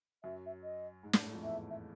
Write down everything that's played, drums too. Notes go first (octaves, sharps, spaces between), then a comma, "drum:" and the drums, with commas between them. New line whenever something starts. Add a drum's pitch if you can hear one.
F#2 F#3 E5
E5
D#5
G#2 G#3
A2 A3, drum: snare
G#2 G#3
F2 F3
E2 E3 E5
E5